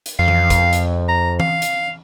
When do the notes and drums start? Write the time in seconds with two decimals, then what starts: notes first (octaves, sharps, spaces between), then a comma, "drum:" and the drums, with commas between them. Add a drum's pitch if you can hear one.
0.06 drum: hi-hat
0.19 F2 F5
0.28 drum: tom E3
0.50 drum: kick, hi-hat
0.73 drum: hi-hat
1.09 A#5
1.40 F5, drum: tom E3
1.62 drum: hi-hat